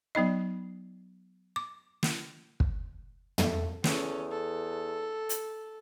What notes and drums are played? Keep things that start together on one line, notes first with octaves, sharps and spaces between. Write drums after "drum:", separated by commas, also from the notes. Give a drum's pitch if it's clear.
F#3 B3 D#4 D#5
D6
drum: snare
drum: kick
A3, drum: tom
E2 C#4 A4, drum: snare
A4
drum: hi-hat